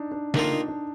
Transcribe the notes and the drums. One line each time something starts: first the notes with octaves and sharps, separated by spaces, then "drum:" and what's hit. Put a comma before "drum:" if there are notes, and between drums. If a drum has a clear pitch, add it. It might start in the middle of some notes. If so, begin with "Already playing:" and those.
Already playing: D4 D#4
D4
D#3 A#3 D4 F4, drum: snare
D#4
D4